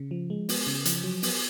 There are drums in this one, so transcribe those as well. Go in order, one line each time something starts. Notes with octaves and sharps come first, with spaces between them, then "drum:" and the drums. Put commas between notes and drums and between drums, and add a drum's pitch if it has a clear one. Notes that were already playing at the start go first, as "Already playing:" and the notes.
Already playing: C#3
F3
G#3
B3, drum: open hi-hat
C#3
F3, drum: hi-hat
F#3
B3, drum: open hi-hat